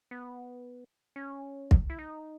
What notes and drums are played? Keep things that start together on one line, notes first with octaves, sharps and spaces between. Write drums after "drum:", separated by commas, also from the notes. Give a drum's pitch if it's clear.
B3
C#4
drum: kick
E4
D#4